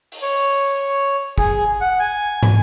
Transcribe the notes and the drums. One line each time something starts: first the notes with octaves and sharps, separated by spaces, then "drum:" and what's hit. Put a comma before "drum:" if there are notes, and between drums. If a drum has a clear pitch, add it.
drum: open hi-hat
C#5
G#4, drum: kick
F#5
G#5
drum: tom